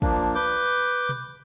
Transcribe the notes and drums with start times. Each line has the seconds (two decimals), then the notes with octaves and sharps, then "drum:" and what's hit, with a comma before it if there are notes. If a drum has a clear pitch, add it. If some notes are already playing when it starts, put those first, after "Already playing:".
0.02 F3 A#3 D4, drum: kick
0.35 B4 D6 G6
1.09 drum: tom B2